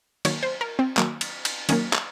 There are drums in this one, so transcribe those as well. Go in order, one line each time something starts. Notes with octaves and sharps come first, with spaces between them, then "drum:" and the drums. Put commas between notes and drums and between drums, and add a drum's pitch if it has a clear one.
D#3 F#3 A#3 C#5, drum: cymbal
C5
A#4
C4
D#3 F#3 A#3, drum: clap
drum: cymbal
drum: cymbal
D#3 F#3 A#3 C#4, drum: cymbal
drum: clap